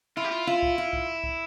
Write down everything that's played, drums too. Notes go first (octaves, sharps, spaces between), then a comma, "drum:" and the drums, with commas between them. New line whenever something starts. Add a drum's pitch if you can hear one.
E4 F4
G4
F4
E4 F4
drum: kick
F4
drum: kick
drum: kick